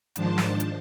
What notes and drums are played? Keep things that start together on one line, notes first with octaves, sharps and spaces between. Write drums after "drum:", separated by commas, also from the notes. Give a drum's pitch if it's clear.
G#2 D#3 F3 D4 C5 A5, drum: hi-hat
drum: snare
drum: hi-hat